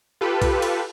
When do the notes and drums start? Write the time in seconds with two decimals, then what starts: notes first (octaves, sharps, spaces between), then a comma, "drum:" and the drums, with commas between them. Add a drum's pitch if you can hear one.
0.21 F4 G4 A4 B4
0.42 drum: kick, cymbal
0.62 drum: cymbal